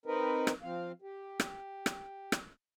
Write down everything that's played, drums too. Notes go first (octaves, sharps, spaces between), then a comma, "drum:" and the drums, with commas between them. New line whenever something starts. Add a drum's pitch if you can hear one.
C4 D#4 A#4 B4
drum: rim click
F3 C4 F5
G4
drum: rim click
drum: rim click
drum: rim click